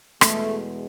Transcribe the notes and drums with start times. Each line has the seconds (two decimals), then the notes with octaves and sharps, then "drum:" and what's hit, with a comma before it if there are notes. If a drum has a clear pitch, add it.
0.21 E2 B2 G#3 A3, drum: rim click